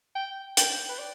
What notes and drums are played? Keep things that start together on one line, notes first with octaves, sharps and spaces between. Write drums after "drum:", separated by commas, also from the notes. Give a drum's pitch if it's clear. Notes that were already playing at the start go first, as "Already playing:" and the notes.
G5
G5, drum: hi-hat
B4
D5